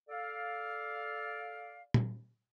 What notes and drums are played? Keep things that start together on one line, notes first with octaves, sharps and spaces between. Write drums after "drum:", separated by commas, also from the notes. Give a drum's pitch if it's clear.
A4 D5 F5
drum: tom